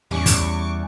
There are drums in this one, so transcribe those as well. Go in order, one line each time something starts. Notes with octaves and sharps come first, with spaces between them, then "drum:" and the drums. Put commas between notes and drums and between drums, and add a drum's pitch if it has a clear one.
E2 G3 C#4 C#6 D6
drum: kick, hi-hat